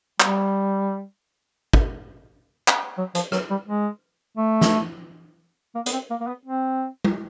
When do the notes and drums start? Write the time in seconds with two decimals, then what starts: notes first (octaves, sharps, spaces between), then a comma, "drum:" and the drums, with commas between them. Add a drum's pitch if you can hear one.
0.20 G3, drum: clap
1.73 drum: kick
2.68 drum: clap
2.98 F#3
3.15 F3, drum: hi-hat
3.32 F#3, drum: rim click
3.50 G3
3.67 G#3
4.37 A3
4.61 drum: snare
5.75 A#3
5.86 B3, drum: hi-hat
5.92 C4
6.10 A#3
6.21 A#3
6.27 B3
6.45 C4
7.04 drum: tom G3